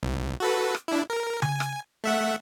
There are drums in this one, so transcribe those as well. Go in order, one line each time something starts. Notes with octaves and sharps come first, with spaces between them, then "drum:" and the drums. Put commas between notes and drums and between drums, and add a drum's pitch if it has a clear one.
C2
F#4 A4 B4
drum: rim click
D4 E4
A#4
G#5, drum: tom C#3
drum: rim click
A3 E5 F#5